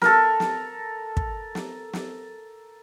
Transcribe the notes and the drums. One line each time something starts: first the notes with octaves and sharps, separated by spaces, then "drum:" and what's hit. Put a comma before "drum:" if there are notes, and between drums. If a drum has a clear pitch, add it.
A4 A#4, drum: snare
drum: snare
drum: kick
drum: snare
drum: snare